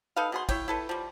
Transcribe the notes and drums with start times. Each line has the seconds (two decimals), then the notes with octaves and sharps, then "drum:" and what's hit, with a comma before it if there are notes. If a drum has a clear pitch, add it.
0.16 D#4 A4 B4 F5
0.32 B2 G#4 C6
0.49 E4 C#5 G5, drum: kick, cymbal
0.68 E4 A4 B4
0.89 F3 G3